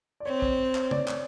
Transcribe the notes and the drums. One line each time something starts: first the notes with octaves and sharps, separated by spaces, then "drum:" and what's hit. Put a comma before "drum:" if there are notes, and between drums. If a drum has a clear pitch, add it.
D5
C4 C#5
drum: kick
drum: clap
D5, drum: tom
drum: clap